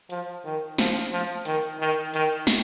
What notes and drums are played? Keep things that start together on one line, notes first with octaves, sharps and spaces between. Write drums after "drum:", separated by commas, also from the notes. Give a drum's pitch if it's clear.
F3, drum: hi-hat
D#3
F3, drum: snare
F3
D#3, drum: hi-hat
D#3
D#3, drum: hi-hat
drum: snare